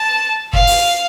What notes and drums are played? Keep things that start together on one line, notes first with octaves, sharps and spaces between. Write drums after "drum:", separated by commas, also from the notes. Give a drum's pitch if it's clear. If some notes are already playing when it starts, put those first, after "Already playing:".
Already playing: A5
F5, drum: kick
drum: open hi-hat